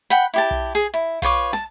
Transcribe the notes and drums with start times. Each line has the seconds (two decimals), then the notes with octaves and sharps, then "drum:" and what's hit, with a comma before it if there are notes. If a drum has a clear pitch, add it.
0.10 F#5 G5 B5
0.34 E4 G4 A5
0.51 drum: kick B1
0.75 G#4
0.94 E4
1.22 F4 B4 C#5 D6, drum: kick B1
1.53 A5, drum: snare